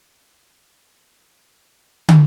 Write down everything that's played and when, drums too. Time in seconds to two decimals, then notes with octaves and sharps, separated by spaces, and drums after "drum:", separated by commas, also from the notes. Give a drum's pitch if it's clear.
0.22 D#2
1.21 A1
2.08 drum: tom